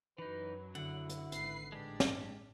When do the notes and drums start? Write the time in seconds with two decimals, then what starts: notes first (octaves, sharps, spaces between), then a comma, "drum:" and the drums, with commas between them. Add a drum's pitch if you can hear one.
0.18 F#2 E3 F#3 D#4 B4
0.75 D3 E4 F#5
1.09 drum: hi-hat
1.32 G#1 B4 C7, drum: hi-hat
1.72 A1 G#3 D4 G4 D5
2.00 drum: snare